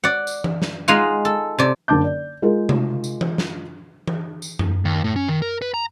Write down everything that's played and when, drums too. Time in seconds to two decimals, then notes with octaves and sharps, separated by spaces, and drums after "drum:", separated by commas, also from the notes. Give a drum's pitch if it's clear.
0.04 D5 F#5
0.27 drum: tambourine
0.44 drum: tom E3
0.62 drum: snare
0.88 G#3 D#4 F4 F#5
1.25 A4
1.59 C3 D5
1.88 F#1 D3 A5 D6 G6
2.04 D5
2.42 G#3 F4 G#4 A#4
2.69 drum: tom C3
3.04 drum: tambourine
3.21 drum: tom E3
3.38 drum: snare
4.07 drum: tom E3
4.42 drum: tambourine
4.59 drum: tom F#2
4.85 D#2
5.04 A2
5.16 C#4
5.29 D#3
5.42 A#4
5.62 B4
5.74 A#5